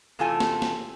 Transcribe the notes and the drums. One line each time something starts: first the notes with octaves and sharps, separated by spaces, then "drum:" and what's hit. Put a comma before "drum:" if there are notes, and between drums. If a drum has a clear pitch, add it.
E2 C3 A3 F4 A4 G#5
drum: snare
drum: snare